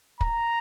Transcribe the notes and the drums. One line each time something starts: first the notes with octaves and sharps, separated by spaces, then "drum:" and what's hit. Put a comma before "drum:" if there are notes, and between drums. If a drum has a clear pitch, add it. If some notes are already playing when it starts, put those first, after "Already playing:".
A#5, drum: kick